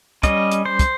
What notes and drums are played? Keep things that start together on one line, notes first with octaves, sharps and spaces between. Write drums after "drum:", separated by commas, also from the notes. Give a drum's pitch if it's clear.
G3 C#4 D#5, drum: kick, hi-hat
drum: hi-hat
C5
drum: kick, hi-hat